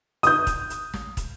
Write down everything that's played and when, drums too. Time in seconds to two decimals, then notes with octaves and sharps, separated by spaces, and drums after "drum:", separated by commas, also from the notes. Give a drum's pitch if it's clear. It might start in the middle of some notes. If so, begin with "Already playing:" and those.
0.23 D#6 G6, drum: hi-hat
0.47 drum: kick, hi-hat
0.70 drum: hi-hat
0.94 drum: snare
1.17 drum: kick, hi-hat